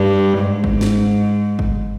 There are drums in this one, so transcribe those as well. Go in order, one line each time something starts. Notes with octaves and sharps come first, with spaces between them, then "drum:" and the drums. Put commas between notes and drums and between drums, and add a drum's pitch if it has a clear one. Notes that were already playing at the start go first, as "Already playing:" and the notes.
Already playing: G2
G#2
drum: kick
drum: snare C#4
drum: kick